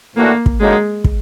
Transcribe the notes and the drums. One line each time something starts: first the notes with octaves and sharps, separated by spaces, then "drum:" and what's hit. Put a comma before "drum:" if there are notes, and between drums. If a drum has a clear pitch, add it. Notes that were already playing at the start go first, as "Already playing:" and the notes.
A2 E3 A3 A#3 D4 F#4
drum: kick
F#2 D3 F#3 G#3 A#3 D#4
drum: kick